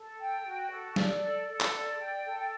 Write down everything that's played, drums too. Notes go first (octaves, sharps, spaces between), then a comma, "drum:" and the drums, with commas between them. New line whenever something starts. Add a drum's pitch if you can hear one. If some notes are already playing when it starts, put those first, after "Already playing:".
Already playing: A4
G5
F#4
A4
D5, drum: snare
A4
A4
drum: clap
D5
G5
A4